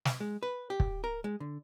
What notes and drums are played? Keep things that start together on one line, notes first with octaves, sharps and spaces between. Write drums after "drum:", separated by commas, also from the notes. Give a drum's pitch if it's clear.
drum: snare
G#3
B4
G4
drum: kick
A#4
G#3
D3